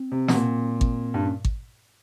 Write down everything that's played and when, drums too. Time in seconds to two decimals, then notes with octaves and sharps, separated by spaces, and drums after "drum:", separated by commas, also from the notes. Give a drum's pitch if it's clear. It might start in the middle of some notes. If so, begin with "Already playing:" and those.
Already playing: C4
0.12 C3
0.28 B2, drum: snare
0.34 A#2
0.81 drum: kick G#1
1.14 G2
1.23 C#4
1.45 drum: kick G#1